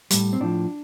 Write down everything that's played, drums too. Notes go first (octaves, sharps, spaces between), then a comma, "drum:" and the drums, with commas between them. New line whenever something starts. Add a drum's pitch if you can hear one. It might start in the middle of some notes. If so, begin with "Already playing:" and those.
A2 G3, drum: hi-hat
C4
A2 F3 D4